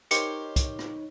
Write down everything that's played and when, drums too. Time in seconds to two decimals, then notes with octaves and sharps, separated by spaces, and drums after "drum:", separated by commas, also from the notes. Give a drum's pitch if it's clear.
0.11 D#4 G4 A#4 C5 C#5 C#7, drum: hi-hat
0.56 drum: kick C2, hi-hat
0.79 drum: rim click